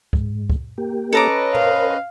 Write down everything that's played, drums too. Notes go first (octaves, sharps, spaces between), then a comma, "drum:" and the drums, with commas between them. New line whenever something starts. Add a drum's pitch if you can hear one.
G#2, drum: kick
drum: kick
A#3 G4
C#4 A4 B4 D#5 A#5 D6
A#4 C5 F5, drum: tom